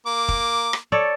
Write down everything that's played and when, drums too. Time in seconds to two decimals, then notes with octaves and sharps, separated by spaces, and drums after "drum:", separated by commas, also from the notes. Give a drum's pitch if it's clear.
0.06 A#3 D6
0.29 drum: kick
0.73 drum: rim click
0.92 A4 C#5 D5